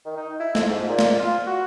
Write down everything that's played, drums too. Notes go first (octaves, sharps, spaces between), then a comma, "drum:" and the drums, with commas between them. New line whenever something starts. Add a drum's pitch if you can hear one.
D#3
D#4
E4
F2, drum: snare
G#2
A#2
drum: snare
F4
F#4